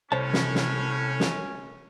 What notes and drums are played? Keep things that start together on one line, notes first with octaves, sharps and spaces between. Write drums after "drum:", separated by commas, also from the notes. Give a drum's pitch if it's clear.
C2 A2 C#4 C5 C#5 A5
drum: snare
drum: snare
drum: snare